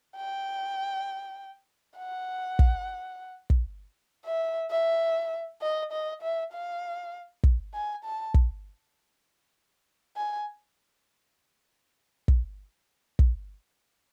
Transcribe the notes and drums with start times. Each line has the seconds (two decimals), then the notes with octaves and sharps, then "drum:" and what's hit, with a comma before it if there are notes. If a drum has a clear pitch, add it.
0.16 G5
1.99 F#5
2.59 drum: kick
3.50 drum: kick
4.25 E5
4.71 E5
5.62 D#5
5.92 D#5
6.22 E5
6.53 F5
7.43 drum: kick
7.74 G#5
8.04 A5
8.34 drum: kick
10.16 G#5
12.28 drum: kick
13.19 drum: kick